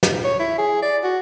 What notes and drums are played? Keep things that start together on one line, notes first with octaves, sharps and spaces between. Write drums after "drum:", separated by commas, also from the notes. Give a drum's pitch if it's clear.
drum: snare
C#5
E4
G#4
D5
F#4